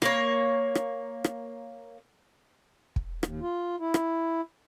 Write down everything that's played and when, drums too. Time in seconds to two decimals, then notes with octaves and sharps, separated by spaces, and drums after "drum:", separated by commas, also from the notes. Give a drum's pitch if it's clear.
0.02 A#3 C#5, drum: rim click
0.75 drum: rim click
1.24 drum: rim click
2.96 drum: kick
3.23 D#2, drum: rim click
3.42 F4
3.80 E4
3.94 drum: rim click